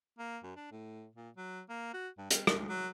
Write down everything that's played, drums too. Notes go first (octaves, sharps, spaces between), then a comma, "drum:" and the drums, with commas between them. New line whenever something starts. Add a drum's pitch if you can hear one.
A#3
F#2
D4
A2
A#2
F#3
A#3
F#4
G2
G3, drum: hi-hat
D2, drum: rim click
F#3